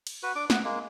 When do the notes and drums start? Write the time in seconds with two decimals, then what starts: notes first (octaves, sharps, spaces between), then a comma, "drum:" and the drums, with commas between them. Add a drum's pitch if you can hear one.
0.07 drum: cymbal
0.23 F#4 B4
0.35 D4 D6
0.50 B3 B4, drum: snare
0.64 G#3 A#3